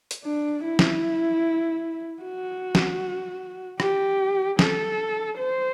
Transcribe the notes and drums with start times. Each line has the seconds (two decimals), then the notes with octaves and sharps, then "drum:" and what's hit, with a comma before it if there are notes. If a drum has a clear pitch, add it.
0.11 drum: hi-hat
0.24 D4
0.64 E4
0.79 drum: snare
2.22 F#4
2.75 drum: snare
3.80 G4, drum: rim click
4.59 A4, drum: snare
5.38 C5